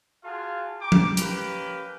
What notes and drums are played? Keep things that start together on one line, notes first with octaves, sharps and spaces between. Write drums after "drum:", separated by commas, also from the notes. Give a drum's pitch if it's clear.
F4 F#4 G#4 F5 A5
G5 A#5 D6
drum: tom F3
A#3 C#4 G4 A#4 B4, drum: hi-hat